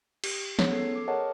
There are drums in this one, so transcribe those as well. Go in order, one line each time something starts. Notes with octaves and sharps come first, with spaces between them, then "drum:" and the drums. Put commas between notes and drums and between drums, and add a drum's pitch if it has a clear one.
G4, drum: cymbal
B3 C#4 D#4 G#4 C#5, drum: snare
A4 G#6 C7
D6
G#4 A#4 C#5 D#5 F#5 A5